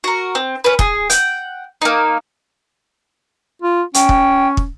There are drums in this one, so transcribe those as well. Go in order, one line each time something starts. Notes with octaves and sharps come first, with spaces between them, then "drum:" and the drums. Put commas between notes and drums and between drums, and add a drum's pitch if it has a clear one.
F#4 A#4
C4
C#4 B4
G#4, drum: kick
F#5 G5, drum: hi-hat
A#3 D#4
F4
C#4 G5, drum: hi-hat
drum: kick
drum: kick